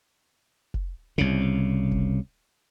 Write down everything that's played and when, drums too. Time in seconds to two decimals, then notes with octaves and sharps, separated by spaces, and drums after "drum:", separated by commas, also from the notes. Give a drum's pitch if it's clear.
0.74 drum: kick F1
1.18 C2 C#3
1.91 drum: kick F1